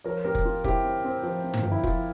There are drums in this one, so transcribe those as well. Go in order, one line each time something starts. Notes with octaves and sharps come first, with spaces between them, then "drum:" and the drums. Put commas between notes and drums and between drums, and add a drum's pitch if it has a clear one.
F3 A#4 C#5
C4 G4 A#4
drum: kick F1
C4 F4
C4 E4 G4, drum: kick F1
C4
C4
F3
C4
drum: tom G2
F3
E4
F3 F4, drum: kick F1